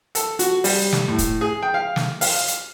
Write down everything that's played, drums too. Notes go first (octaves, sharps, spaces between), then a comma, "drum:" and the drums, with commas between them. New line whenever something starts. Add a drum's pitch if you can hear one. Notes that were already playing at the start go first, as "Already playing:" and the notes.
A4, drum: hi-hat
F#4, drum: hi-hat
G3, drum: open hi-hat
drum: snare
A2
drum: kick, hi-hat
G#4
G5
F5
drum: snare
F5, drum: open hi-hat
drum: hi-hat